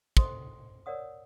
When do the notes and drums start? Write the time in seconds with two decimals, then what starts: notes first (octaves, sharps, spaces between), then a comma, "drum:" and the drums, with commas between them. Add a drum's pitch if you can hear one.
0.17 A4 C5 D#5 C6 D#6, drum: kick
0.86 A#4 C#5 D5 F#5 D#6